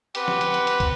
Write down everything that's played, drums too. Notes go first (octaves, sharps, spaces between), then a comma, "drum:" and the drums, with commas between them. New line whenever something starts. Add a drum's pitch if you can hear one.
C4 G4 B4 F#5, drum: hi-hat
drum: snare
drum: hi-hat
drum: hi-hat
drum: hi-hat
drum: kick, hi-hat